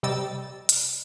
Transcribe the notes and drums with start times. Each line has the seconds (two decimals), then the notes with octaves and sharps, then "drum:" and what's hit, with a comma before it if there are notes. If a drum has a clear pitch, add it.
0.03 C3 G3 D#5 G5 E6 A6
0.69 drum: hi-hat